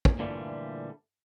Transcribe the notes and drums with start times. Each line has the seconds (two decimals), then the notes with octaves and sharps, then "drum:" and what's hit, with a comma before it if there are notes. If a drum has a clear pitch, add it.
0.05 drum: kick
0.19 A#2 D3 E3 F3 G3 A3